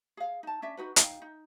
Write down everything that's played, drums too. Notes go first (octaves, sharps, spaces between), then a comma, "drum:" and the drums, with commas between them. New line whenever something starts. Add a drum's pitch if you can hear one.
G#4 F5
D#4 A5
C#4 D4 E5
D#4 F#4 B4
D#4 F5 G5, drum: hi-hat
D#4